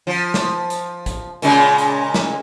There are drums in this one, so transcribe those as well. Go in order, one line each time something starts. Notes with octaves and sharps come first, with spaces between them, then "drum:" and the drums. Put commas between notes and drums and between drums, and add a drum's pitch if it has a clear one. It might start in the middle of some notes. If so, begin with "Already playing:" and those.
F3
drum: snare
drum: hi-hat
drum: kick, hi-hat
A#2 C#3 G#3, drum: hi-hat
drum: hi-hat
drum: snare